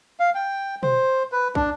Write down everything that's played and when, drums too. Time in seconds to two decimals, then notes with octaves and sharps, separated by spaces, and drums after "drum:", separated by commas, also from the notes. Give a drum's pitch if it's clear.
0.20 F5
0.35 G5
0.83 C5, drum: tom
1.32 B4
1.55 D4, drum: kick